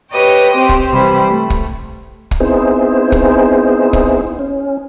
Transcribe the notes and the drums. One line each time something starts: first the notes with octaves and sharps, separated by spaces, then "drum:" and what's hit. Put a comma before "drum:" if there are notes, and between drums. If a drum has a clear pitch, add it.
G4 B4 C#5 D#5 G5
C4 G4 C5
drum: kick
C3 E3 G3 C5 B5
A3
drum: kick
drum: kick
B3 C4 D#4 E4 G#4 C5
drum: kick
drum: kick
C#4